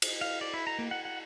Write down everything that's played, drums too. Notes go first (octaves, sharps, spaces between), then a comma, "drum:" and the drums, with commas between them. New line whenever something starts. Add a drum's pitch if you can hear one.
drum: cymbal
F5
D5
E4
A#5
A#3
F#5
F#5